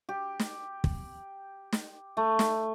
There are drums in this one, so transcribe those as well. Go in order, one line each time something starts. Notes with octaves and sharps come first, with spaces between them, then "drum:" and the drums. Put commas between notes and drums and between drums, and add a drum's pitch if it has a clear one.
G4
drum: snare
drum: kick
drum: snare
A3
drum: snare